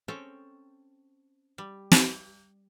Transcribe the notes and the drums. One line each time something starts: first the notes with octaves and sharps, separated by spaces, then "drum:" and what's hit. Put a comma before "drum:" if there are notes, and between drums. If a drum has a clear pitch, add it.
C4 C#4 A4 C#5 G5
G3
drum: snare